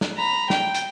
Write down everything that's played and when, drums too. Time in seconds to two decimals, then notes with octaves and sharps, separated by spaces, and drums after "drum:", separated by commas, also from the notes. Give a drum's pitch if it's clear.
0.01 drum: snare
0.17 A#5 B5
0.50 G5, drum: snare
0.75 drum: hi-hat